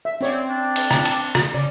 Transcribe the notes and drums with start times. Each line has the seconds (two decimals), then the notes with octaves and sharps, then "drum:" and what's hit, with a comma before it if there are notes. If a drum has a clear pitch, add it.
0.05 E5
0.21 C4 C#4 C#5 D5
0.50 D4
0.76 drum: cymbal
0.91 drum: rim click
1.05 A5, drum: cymbal
1.35 drum: rim click
1.54 C#3 D5